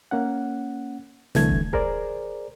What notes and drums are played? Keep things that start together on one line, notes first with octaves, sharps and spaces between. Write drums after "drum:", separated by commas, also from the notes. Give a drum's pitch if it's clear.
A#3 C#4 F#5
C2 D3 E3 A3 G#6, drum: snare
drum: kick D#1
G#4 A#4 C5 D5, drum: kick D#1